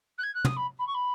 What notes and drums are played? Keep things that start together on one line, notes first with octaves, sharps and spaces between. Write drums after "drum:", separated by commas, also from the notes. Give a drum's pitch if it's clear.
F#6
G#6
F#6
D#6, drum: tom
B5
B5
C#6
B5